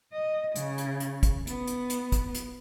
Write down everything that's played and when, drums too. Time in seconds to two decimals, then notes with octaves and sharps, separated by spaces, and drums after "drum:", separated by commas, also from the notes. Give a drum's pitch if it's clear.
0.13 D#5
0.56 C#3, drum: hi-hat
0.78 drum: hi-hat
1.00 drum: hi-hat
1.23 drum: kick, hi-hat
1.47 B3, drum: hi-hat
1.67 drum: hi-hat
1.90 drum: hi-hat
2.12 drum: kick, hi-hat
2.35 drum: hi-hat